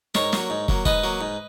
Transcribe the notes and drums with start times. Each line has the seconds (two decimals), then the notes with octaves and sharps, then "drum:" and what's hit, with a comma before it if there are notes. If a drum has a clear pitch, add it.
0.15 G#2 A#4 C#5, drum: snare
0.33 F#3 A#3, drum: snare
0.50 G#2
0.68 F#3 A#3, drum: kick
0.85 G#2 B4 D#5, drum: kick
1.03 F#3 A#3
1.21 G#2